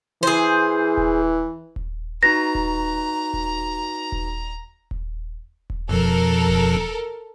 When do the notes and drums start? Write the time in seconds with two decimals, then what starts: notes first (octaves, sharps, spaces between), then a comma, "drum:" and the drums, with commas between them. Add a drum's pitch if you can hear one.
0.23 E3 G#4 C5
0.97 drum: kick D#1
1.76 drum: kick D#1
2.23 D#4 F#4 B4 A#5 A#6
2.55 drum: kick D#1
3.34 drum: kick D#1
4.12 drum: kick D#1
4.91 drum: kick D#1
5.70 drum: kick D#1
5.89 F2 B2 F3 A4 A#4
6.48 drum: kick D#1